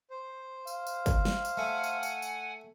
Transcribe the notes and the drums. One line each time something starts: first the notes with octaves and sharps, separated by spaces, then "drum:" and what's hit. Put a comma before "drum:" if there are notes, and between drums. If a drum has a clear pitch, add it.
C5
F5, drum: tambourine
drum: tambourine
drum: kick, tambourine
drum: snare
drum: tambourine
A3 F#5 G#5
drum: tambourine
drum: tambourine
drum: tambourine